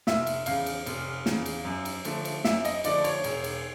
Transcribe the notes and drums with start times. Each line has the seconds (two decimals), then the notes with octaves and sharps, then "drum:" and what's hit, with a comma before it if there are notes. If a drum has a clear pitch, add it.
0.07 F1 E5, drum: snare
0.27 drum: cymbal
0.46 E2 C#3 F5, drum: cymbal
0.66 drum: cymbal
0.86 F1, drum: cymbal
1.26 E2 C#3, drum: snare
1.46 drum: cymbal
1.65 F#2
1.85 drum: cymbal
2.05 D3 F3 A3, drum: cymbal
2.25 drum: cymbal
2.45 F#2 E5, drum: snare
2.65 D#5, drum: cymbal
2.84 D3 F3 A3 D5, drum: cymbal
3.04 C#5, drum: cymbal
3.24 E1, drum: cymbal
3.44 drum: cymbal